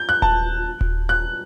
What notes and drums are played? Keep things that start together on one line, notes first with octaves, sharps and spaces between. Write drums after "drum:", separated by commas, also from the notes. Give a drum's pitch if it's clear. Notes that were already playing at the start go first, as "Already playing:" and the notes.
Already playing: G6
F#6
A5, drum: kick D#1
drum: kick D#1
F#6